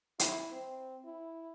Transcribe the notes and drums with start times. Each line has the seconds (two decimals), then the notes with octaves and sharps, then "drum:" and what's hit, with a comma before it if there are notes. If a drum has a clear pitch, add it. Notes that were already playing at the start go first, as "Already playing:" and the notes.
0.19 E4, drum: hi-hat
0.52 C4
1.05 E4